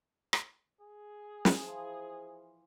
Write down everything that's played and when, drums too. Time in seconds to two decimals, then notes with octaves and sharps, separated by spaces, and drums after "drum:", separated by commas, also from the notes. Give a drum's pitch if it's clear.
0.33 drum: rim click
0.81 G#4
1.45 drum: snare
1.63 E3 F3